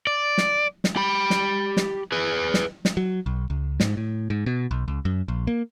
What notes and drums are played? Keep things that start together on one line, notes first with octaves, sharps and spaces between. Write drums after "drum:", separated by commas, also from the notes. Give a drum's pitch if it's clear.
D5
drum: snare
drum: snare
G4 B5
drum: snare
drum: snare
G#4 B4
drum: snare
drum: snare
F#3
B1
C#2
G#2, drum: snare
A2
G#2
B2
B1
C#2
F#2
A#1
A#3